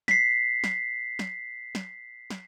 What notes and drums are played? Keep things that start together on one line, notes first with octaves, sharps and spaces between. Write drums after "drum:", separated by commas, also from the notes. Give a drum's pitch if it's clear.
B6 C7, drum: snare
drum: snare
drum: snare
drum: snare
drum: snare